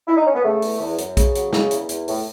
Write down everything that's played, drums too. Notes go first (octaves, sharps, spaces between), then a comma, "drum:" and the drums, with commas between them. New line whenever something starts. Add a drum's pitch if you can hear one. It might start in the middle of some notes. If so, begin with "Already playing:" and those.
E4
D#4
C#4
B3
C#3 A3
E2, drum: open hi-hat
E2
F#2, drum: hi-hat
C#3, drum: kick, hi-hat
F#3, drum: hi-hat
C#3, drum: snare
E2, drum: hi-hat
E2, drum: hi-hat
A2, drum: open hi-hat